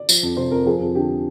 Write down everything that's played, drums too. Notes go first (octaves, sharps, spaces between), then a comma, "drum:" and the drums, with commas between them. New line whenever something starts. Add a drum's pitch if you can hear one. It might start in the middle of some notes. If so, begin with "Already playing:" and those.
Already playing: D5
F3, drum: tambourine
F2
C3 C5
F2 A#4
F3 G#4
F2
D3 G4